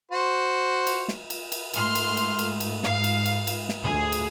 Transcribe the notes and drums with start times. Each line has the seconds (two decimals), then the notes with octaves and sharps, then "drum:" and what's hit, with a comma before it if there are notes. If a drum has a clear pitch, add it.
0.11 F#4 C5
0.87 drum: cymbal
1.08 drum: snare
1.30 drum: cymbal
1.52 drum: cymbal
1.74 G#2 A3 C6 F6, drum: cymbal
1.95 drum: cymbal
2.17 drum: cymbal
2.39 drum: cymbal
2.60 drum: cymbal
2.83 G#2 F5, drum: snare
3.04 drum: cymbal
3.25 drum: cymbal
3.47 drum: cymbal
3.69 drum: snare
3.83 D2 G#4
4.12 drum: cymbal